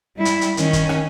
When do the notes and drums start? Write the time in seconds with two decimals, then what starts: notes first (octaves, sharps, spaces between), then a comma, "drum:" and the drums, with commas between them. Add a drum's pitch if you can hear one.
0.16 G3 E4
0.25 drum: hi-hat
0.41 drum: hi-hat
0.57 D#3 C#4, drum: hi-hat
0.73 drum: kick, hi-hat
0.89 drum: rim click